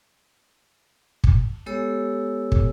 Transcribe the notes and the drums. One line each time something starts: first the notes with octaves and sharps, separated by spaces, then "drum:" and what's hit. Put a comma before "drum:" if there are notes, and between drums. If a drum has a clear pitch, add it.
drum: kick
G#3 B3 G4 A4 C#5 E6
drum: kick